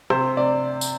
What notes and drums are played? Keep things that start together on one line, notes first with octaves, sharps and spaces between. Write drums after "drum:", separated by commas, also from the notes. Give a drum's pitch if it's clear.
C3 C5, drum: rim click
C3 D5
drum: tambourine